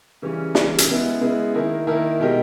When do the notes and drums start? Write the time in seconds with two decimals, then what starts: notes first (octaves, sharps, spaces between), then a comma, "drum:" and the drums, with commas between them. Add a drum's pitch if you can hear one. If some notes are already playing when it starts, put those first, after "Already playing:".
0.22 C#3 E3 G3 C#4
0.55 C#3 E3 G3 C#4, drum: snare
0.78 drum: hi-hat
0.88 C#3 G#3 B3 E4
1.21 C#3 G#3 B3 E4
1.54 D#3 A#3 E4 A#4
1.87 D#3 A#3 E4 A#4
2.20 B2 G#3 D#4 G4 A#4